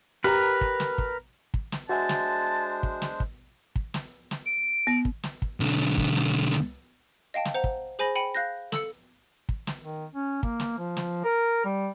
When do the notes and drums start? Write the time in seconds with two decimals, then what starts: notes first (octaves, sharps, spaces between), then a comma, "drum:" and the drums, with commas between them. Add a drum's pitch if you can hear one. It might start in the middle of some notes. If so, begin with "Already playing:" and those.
0.24 G4 A#4 B4 A#5
0.61 drum: kick
0.80 drum: snare
0.98 drum: kick
1.54 drum: kick
1.72 drum: snare
1.89 G#3 D4 F#4 C5 E5 G#5 A5
2.09 drum: snare
2.83 drum: kick
3.02 drum: snare
3.20 drum: kick
3.76 drum: kick
3.94 drum: snare
4.31 drum: snare
4.46 D7
4.87 B3
5.05 drum: kick
5.23 drum: snare
5.42 drum: kick
5.60 B1 D3
5.97 drum: kick
6.16 drum: snare
6.53 drum: snare
7.34 D#5 F5 G5 A5
7.45 drum: snare
7.54 C5 F#5 A#5
7.64 drum: kick
7.99 G#4 C5 G#5 B5 A#6
8.15 G5 B5 C#7 D#7
8.34 F5 F#6 G6 A#6
8.72 A4 E6 C#7, drum: snare
9.49 drum: kick
9.67 drum: snare
9.81 D#3
10.14 C#4
10.43 A#3, drum: kick
10.60 drum: snare
10.78 F3
10.97 drum: snare
11.24 A#4
11.65 G3